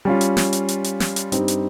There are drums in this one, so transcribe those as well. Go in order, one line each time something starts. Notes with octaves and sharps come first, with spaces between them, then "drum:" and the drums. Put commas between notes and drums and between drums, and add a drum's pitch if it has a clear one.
G3 C#4 F4
drum: hi-hat
drum: snare
drum: hi-hat
drum: hi-hat
drum: hi-hat
drum: snare
drum: hi-hat
G2 G3 C4 D#4 G4, drum: hi-hat
drum: hi-hat